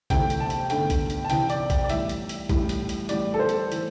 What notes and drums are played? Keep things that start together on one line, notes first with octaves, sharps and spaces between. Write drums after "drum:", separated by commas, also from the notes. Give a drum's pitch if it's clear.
D2 C3 E3 A3 G5, drum: kick A#1, hi-hat
drum: hi-hat
A5
drum: hi-hat
G1 G2 D3 A3 G5, drum: hi-hat
drum: kick A#1, hi-hat
drum: hi-hat
A5
C2 C3 E3 G5, drum: hi-hat
D5, drum: hi-hat
G5, drum: kick A#1, hi-hat
D5
A1 A2 G3 E5, drum: hi-hat
drum: hi-hat
drum: hi-hat
A1 A2 G3, drum: kick A#1, hi-hat
drum: hi-hat
drum: hi-hat
A1 A2 G3 D5, drum: hi-hat
A4
C5
drum: hi-hat
E3 A3, drum: hi-hat